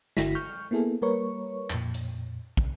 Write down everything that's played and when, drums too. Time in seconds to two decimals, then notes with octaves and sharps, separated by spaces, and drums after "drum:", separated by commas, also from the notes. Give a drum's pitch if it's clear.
0.17 G1 D3 E4 F#4 A#6 B6, drum: snare
0.35 C#6 F6 G6
0.71 A#3 B3 E4 G#4 A4
1.02 G3 A#3 A#4 B4 C#5 C#6
1.70 F2 A#2, drum: clap
1.94 drum: hi-hat
2.57 C2, drum: kick